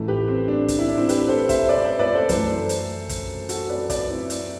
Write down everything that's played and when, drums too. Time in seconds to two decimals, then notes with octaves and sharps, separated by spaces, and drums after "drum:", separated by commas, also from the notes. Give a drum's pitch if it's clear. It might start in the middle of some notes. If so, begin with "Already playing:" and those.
Already playing: A1 A2 E3 A3
0.08 G4 B4
0.28 C4
0.48 D4
0.68 drum: kick, hi-hat
0.79 E4
0.88 D4
0.97 C4 E4
1.09 G4 B4, drum: hi-hat
1.29 A4 C5
1.49 C5 E5, drum: kick, hi-hat
1.69 B4 D5
1.84 C5 E5
1.99 B4 D5
2.14 A4 C5
2.29 F#2 E3 A3 A4 C5, drum: kick, hi-hat
2.69 drum: hi-hat
3.09 drum: kick, hi-hat
3.49 F#4 A4, drum: hi-hat
3.69 B4 D5
3.90 B4 D5, drum: kick, hi-hat
4.10 C4 E4
4.30 C4, drum: hi-hat